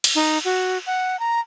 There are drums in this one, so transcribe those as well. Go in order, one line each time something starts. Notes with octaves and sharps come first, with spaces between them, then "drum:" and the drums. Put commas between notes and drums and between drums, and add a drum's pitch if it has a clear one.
drum: cymbal
D#4
F#4
F#5
A#5